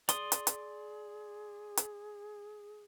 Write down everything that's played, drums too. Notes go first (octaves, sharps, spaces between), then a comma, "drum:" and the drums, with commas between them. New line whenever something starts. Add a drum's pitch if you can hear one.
G#4 D5 C6 D#6, drum: hi-hat
drum: hi-hat
drum: hi-hat
drum: hi-hat